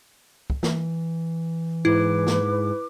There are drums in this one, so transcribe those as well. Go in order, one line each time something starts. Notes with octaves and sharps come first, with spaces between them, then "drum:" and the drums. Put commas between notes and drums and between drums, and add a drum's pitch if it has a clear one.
drum: kick
E3, drum: snare
G#2 E4 B4 D6
drum: snare